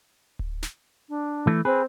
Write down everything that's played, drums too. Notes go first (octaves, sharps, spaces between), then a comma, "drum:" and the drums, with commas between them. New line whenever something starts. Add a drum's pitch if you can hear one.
drum: kick D1
drum: snare
D4
E3 A3
C4 G#4 B4